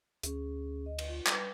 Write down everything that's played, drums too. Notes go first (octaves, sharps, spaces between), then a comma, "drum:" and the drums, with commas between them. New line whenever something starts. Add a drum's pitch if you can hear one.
D2 C#4 G#4, drum: hi-hat
D#5
drum: cymbal
F4
G3 B4, drum: clap